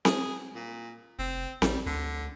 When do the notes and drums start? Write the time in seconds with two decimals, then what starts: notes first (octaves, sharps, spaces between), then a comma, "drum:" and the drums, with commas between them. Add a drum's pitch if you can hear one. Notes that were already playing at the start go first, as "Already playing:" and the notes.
0.05 G#4, drum: snare C4
0.55 A#2
1.19 F1 C4
1.62 A1 G3, drum: snare C4
1.86 D2 D3